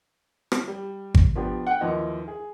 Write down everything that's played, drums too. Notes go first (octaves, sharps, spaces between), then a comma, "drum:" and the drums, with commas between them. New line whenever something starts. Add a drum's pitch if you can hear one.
drum: rim click
G3
drum: kick G#1
F3 B3 D4 G4
F#5 G5
D#2 E3 F3 D#4
G#4